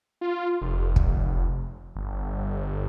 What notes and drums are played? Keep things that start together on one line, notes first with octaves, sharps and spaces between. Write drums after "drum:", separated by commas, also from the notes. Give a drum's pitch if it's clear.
F4
F1
drum: kick
G1